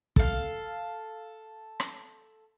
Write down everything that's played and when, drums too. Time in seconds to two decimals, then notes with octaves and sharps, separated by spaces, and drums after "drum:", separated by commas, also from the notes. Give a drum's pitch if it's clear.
0.16 A4 F5, drum: kick
1.80 drum: rim click